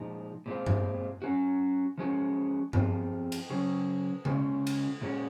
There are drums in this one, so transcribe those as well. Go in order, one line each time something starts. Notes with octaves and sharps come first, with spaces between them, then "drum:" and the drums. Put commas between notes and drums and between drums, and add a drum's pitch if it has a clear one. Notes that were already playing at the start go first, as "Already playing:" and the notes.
Already playing: A#2 F3 G#3 D#4
A#2 G#3 C4 F4
drum: tom G2
F#3 C#4 F#4
F3 G#3 C#4 F#4
F3 C4 F4 G#4, drum: tom G2
drum: cymbal
C#3 F#3 C#4
C#3 G#3 C#4, drum: tom C#3
drum: cymbal
A#2 G#3 C#4 F#4